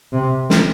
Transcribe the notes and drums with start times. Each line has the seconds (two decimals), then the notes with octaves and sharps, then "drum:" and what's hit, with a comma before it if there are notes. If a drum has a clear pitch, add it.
0.12 C3
0.50 drum: snare